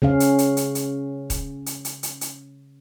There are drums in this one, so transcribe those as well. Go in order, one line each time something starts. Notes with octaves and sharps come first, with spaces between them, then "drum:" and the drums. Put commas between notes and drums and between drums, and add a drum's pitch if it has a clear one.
C#3 C#4 F5
drum: hi-hat
drum: hi-hat
drum: hi-hat
drum: hi-hat
drum: kick D#1, hi-hat
drum: hi-hat
drum: hi-hat
drum: hi-hat
drum: hi-hat